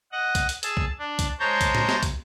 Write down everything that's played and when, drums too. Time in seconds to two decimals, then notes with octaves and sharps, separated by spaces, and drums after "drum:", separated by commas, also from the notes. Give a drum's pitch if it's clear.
0.12 D#5 F#5
0.35 drum: kick, hi-hat
0.49 drum: hi-hat
0.63 G#4 A5 E6, drum: hi-hat
0.77 drum: kick
0.99 D4
1.19 drum: kick, hi-hat
1.40 G#3 C5 C#5 A5 A#5 G6
1.61 drum: kick, hi-hat
1.75 drum: tom
1.89 drum: snare
2.03 drum: kick, hi-hat